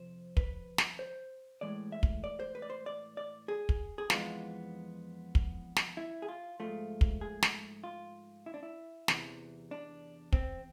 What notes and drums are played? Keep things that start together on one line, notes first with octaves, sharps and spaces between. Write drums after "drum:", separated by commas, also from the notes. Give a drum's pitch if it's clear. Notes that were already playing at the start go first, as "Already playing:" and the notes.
Already playing: F2 C3 F3 C5
B4, drum: kick
drum: snare
C5
A2 E3 G#3 D5
E5
drum: kick
D5
C5
B4
D5
C5
D5
D5
G#4
drum: kick
G#4
F2 E3 G#3 B3 F4, drum: snare
drum: kick
drum: snare
E4
G#4
F4
G#2 F3 A3 F4
drum: kick
G#4
drum: snare
F4
E4
D4
E4
E2 C3 E3, drum: snare
D4
C4, drum: kick